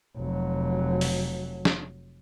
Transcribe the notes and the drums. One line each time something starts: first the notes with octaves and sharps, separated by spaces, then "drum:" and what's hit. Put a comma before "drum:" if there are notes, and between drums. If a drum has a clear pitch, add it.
F1 F#3
drum: open hi-hat
drum: snare